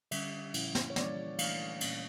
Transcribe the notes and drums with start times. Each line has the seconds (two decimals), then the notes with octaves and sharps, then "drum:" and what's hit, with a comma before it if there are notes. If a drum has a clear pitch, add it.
0.11 D3 G3 C#4 E5, drum: cymbal
0.54 A#2 F3 C#4 E4, drum: cymbal
0.75 drum: snare
0.90 C#5
0.96 E3 G3 A#3 C#4 D5, drum: snare
1.39 E3 A3 D4 F5, drum: cymbal
1.81 A#2 G3 A#3 C#4, drum: cymbal